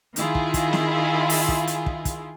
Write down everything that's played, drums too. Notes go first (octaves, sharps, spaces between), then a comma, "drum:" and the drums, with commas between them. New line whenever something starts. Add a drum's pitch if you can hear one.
D#3 E4 F4 G#4, drum: hi-hat
drum: kick
drum: kick, hi-hat
drum: snare
drum: open hi-hat
drum: kick
drum: hi-hat
drum: kick
drum: kick, hi-hat